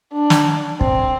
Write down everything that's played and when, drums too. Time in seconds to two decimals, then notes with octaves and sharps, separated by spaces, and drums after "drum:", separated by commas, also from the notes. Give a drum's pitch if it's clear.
0.13 D4
0.30 drum: snare
0.81 C4, drum: kick